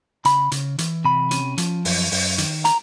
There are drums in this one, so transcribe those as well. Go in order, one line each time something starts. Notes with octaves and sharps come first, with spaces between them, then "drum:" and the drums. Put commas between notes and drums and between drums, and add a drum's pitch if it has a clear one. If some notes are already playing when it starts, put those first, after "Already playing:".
C#3 B5, drum: hi-hat
C#3, drum: hi-hat
E3, drum: hi-hat
C3 B5
C#4, drum: hi-hat
F3, drum: hi-hat
F#2, drum: open hi-hat
F#2, drum: open hi-hat
D#3, drum: hi-hat
A#5, drum: hi-hat